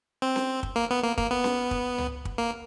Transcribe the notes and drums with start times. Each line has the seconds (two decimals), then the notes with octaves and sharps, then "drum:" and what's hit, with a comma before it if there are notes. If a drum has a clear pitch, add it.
0.22 C4
0.36 drum: snare C#4
0.63 drum: kick
0.76 A#3
0.91 B3
1.03 A#3
1.18 A#3, drum: kick
1.31 B3
1.44 drum: snare C#4
1.71 drum: kick
1.98 drum: tom C#2
2.25 drum: kick
2.38 A#3